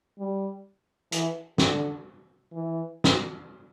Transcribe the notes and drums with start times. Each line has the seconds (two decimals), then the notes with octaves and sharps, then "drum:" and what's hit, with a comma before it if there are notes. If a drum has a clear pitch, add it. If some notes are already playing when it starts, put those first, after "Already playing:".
0.19 G3
1.12 E3, drum: hi-hat
1.58 D3, drum: snare
2.53 E3
3.04 drum: snare